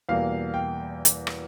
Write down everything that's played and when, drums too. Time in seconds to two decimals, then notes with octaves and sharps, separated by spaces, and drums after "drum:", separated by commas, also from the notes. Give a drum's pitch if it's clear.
0.09 E2 B2 G3 A#3 F5
0.54 G5
1.05 drum: hi-hat
1.27 drum: rim click